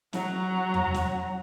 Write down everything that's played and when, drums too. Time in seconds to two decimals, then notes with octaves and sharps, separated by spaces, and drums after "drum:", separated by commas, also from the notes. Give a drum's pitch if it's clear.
0.13 F#3 A#5, drum: snare
0.74 drum: tom E2
0.94 drum: snare